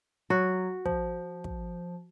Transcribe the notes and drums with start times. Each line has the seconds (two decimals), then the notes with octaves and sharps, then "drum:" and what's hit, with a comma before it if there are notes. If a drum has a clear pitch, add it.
0.30 F#3 F#4
0.86 F3, drum: kick
1.44 drum: kick